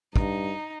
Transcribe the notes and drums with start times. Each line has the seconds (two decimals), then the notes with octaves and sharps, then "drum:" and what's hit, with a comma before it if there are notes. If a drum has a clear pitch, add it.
0.16 G2 D#4, drum: kick